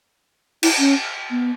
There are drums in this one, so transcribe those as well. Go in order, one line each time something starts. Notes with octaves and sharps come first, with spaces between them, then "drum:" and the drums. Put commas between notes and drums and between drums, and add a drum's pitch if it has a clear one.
E4, drum: cymbal
C#4
B3